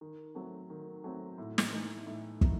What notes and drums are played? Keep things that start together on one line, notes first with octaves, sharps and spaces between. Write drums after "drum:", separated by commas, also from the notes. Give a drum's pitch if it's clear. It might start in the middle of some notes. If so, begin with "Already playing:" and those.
D#3
F#3 A3 C4
D#3
F#3 A3 C4
A2
drum: snare
E3 A3 D#4
A2
E3 A3 D#4, drum: kick